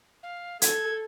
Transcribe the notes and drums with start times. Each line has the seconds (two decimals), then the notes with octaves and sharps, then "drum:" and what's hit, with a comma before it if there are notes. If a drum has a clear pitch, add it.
0.23 F5
0.62 A4 G#6, drum: hi-hat